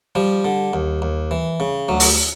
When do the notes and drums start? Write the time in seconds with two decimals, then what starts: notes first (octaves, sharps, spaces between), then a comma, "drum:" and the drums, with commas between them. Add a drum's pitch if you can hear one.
0.15 F3 G3
0.45 D3
0.73 D#2
1.02 D#2
1.31 E3
1.60 C#3
1.89 D2 F#3
2.00 drum: open hi-hat